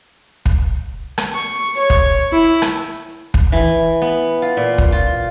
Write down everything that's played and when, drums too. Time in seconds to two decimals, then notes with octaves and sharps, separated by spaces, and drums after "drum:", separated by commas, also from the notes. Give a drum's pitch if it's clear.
0.45 drum: kick
1.18 drum: rim click
1.34 C#6
1.76 C#5
1.90 drum: kick
2.32 E4
2.62 drum: rim click
3.34 drum: kick
3.52 E3
4.02 B3
4.42 F4
4.57 A#2
4.78 drum: kick
4.92 F4